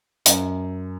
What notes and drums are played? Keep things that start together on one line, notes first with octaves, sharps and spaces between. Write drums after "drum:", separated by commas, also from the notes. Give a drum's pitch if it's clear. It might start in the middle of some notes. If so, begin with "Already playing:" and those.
F#2, drum: hi-hat